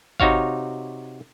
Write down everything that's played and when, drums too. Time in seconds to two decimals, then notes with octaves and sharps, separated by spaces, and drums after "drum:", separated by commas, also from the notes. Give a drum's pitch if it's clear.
0.20 C3 D#4 F#4 C#5 F5, drum: kick G#1